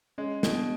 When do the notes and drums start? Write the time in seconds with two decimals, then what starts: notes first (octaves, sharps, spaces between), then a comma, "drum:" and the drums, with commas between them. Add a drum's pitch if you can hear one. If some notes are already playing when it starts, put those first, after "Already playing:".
0.18 G#3 C#4
0.43 B2 D4, drum: snare